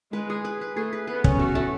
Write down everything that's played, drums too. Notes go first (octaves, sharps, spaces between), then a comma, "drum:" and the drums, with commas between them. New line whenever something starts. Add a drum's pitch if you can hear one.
G#3 B4
G#4
B4
B4
A3 G#4
B4
B3 B4
C#4, drum: kick
A3 F#4
A3